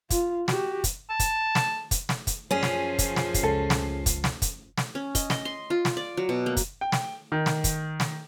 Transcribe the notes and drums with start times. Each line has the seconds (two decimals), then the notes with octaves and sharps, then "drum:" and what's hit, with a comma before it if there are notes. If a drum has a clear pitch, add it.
0.10 F4, drum: kick, hi-hat
0.48 F#4 G4, drum: snare
0.84 drum: kick, hi-hat
1.10 A5
1.19 drum: kick, hi-hat
1.55 drum: snare
1.91 drum: kick, hi-hat
2.09 drum: snare
2.27 drum: kick, hi-hat
2.51 F#2 F3 C#4 F4 G#4
2.63 drum: snare
2.99 drum: kick, hi-hat
3.16 drum: snare
3.34 drum: kick, hi-hat
3.43 C#2 A4
3.70 drum: snare
4.06 drum: kick, hi-hat
4.24 drum: snare
4.42 drum: kick, hi-hat
4.78 drum: snare
4.95 C#4
5.15 D#5, drum: kick, hi-hat
5.30 D#5, drum: snare
5.45 C6
5.70 F4
5.85 drum: snare
5.97 D5
6.17 F#3
6.29 B2
6.46 A#3
6.57 drum: kick, hi-hat
6.81 G5
6.92 drum: snare
7.32 D#3
7.46 drum: snare
7.64 drum: kick, hi-hat
8.00 drum: snare